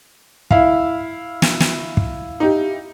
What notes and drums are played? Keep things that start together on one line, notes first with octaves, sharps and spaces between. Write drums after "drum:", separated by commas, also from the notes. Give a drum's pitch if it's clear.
E4 F5, drum: kick
drum: snare
drum: snare
drum: kick
D#4 G4